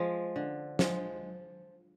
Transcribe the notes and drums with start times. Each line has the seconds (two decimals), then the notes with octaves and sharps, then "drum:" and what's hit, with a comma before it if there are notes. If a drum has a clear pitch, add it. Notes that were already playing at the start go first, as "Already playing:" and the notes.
Already playing: F3 G#3
0.36 D3
0.79 F3 G#3, drum: snare